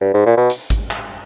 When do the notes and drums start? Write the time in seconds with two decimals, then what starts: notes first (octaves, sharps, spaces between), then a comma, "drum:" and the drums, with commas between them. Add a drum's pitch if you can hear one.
0.01 G2
0.14 G#2
0.26 A#2
0.37 B2
0.50 drum: hi-hat
0.70 drum: kick G#1, hi-hat
0.91 drum: clap